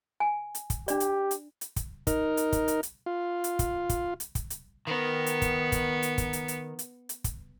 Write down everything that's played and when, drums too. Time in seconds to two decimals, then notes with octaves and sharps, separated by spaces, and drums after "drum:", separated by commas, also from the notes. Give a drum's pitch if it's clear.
0.20 G#5
0.55 drum: hi-hat
0.70 drum: kick, hi-hat
0.88 D4 G4 D5, drum: hi-hat
1.00 drum: hi-hat
1.31 drum: hi-hat
1.61 drum: hi-hat
1.76 drum: kick, hi-hat
2.07 D#4 A#4, drum: kick, hi-hat
2.37 drum: hi-hat
2.52 drum: kick, hi-hat
2.68 drum: hi-hat
2.83 drum: hi-hat
3.06 F4
3.44 drum: hi-hat
3.59 drum: kick, hi-hat
3.89 drum: kick, hi-hat
4.20 drum: hi-hat
4.35 drum: kick, hi-hat
4.50 drum: hi-hat
4.87 D#3 B3
5.26 drum: hi-hat
5.42 drum: kick, hi-hat
5.72 drum: kick, hi-hat
6.03 drum: hi-hat
6.18 drum: kick, hi-hat
6.33 drum: hi-hat
6.48 drum: hi-hat
6.79 drum: hi-hat
7.09 drum: hi-hat
7.24 drum: kick, hi-hat